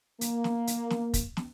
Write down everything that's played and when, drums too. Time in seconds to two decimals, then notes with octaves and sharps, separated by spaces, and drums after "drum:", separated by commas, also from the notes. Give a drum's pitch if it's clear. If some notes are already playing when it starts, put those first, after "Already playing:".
0.21 A#3, drum: hi-hat
0.44 drum: snare
0.67 drum: hi-hat
0.90 drum: snare
1.14 drum: kick, hi-hat
1.37 drum: snare